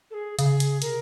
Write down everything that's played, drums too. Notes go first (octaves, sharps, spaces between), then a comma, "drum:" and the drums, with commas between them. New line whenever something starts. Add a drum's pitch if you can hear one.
A4
G#4
C#3 G#4, drum: hi-hat
drum: hi-hat
C3 A#4, drum: hi-hat